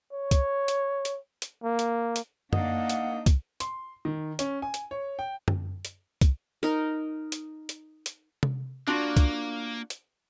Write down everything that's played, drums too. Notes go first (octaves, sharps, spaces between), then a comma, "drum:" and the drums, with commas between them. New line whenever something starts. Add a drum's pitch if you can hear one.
C#5
drum: kick, hi-hat
drum: hi-hat
drum: hi-hat
drum: hi-hat
A#3
drum: hi-hat
drum: hi-hat
A#3 D4 D#4 F5 F#5, drum: tom F#2
drum: hi-hat
drum: kick, hi-hat
C6, drum: hi-hat
D#3
C#4, drum: hi-hat
G#5
drum: hi-hat
C#5
G5
drum: tom F#2
drum: hi-hat
drum: kick, hi-hat
D#4 A#4
drum: hi-hat
drum: hi-hat
drum: hi-hat
drum: tom C3
A#3 D4 F4 F#4
drum: kick, hi-hat
drum: hi-hat